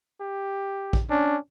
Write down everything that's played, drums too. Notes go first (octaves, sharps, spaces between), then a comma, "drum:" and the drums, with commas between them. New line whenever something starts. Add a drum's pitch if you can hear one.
G4
drum: kick
C#4 D4